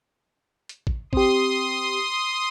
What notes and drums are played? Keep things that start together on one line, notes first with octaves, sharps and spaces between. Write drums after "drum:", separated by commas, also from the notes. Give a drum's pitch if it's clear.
drum: hi-hat
drum: kick
C4 G4 C6 D#6, drum: kick